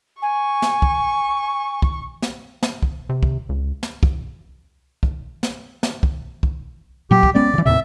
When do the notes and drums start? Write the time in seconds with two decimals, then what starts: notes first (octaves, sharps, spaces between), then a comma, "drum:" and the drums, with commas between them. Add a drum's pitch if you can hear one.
0.22 G#5 C#6
0.62 drum: snare
0.82 drum: kick
1.82 drum: kick
2.22 drum: snare
2.63 drum: snare
2.83 drum: kick
3.09 C3
3.23 drum: kick
3.49 C#2
3.83 drum: snare
4.03 drum: kick
5.03 drum: kick
5.43 drum: snare
5.83 drum: snare
6.03 drum: kick
6.43 drum: kick
7.11 A#2 F#3 G4
7.23 drum: kick
7.35 G#3 B3 C#4 D5
7.54 C#3 E3
7.66 D#2 A2 C3 E5